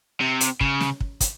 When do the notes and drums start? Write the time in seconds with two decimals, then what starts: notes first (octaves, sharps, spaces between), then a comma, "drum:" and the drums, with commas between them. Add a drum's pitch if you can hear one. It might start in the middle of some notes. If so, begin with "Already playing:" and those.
0.21 C3
0.41 drum: hi-hat
0.61 C#3, drum: kick
0.81 drum: snare
1.01 drum: kick
1.21 drum: kick, hi-hat